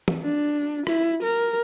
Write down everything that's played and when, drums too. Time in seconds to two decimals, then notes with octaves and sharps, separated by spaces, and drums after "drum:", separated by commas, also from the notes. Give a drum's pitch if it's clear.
0.08 drum: tom
0.23 D4
0.87 E4, drum: rim click
1.24 A#4